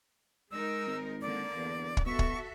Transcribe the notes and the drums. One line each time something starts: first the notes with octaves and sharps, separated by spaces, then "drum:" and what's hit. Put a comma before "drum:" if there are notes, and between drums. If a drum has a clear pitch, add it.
G#3 D#4 A#4 E6
G#1
D3 A#3 D5
E2
drum: kick
B2 F#4 A4 E5 C#6
drum: kick